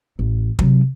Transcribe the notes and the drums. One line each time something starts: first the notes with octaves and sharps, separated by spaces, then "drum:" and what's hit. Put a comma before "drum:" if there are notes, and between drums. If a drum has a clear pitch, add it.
A1
C3 F#3, drum: kick